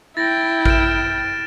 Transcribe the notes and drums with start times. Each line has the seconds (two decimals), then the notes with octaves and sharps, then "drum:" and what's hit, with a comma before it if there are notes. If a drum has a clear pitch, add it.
0.17 E4 G5 A6 A#6
0.66 F6 D7 E7, drum: kick A1